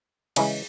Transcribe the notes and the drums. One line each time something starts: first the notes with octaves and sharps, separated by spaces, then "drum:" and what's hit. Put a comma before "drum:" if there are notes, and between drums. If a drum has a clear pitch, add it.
C#3 E3 G#3 G#4, drum: cymbal